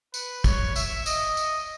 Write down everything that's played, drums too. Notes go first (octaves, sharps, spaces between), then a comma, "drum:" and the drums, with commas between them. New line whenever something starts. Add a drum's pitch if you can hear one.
B4, drum: tambourine
C#5, drum: kick, tambourine
E5, drum: tambourine
D#5, drum: tambourine
drum: tambourine